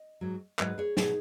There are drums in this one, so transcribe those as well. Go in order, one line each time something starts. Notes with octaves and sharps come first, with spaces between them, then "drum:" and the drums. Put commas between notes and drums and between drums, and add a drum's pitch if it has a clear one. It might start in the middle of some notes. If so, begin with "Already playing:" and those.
Already playing: D#5
G#2 F#3
G#2 F#3 B4 D#5, drum: clap
G#4 C#5
B2 F#3 D#4 G#4, drum: snare